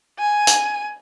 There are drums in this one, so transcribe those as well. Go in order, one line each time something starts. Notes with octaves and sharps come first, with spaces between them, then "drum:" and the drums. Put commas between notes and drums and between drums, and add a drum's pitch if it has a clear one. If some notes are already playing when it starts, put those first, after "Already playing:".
G#5
drum: hi-hat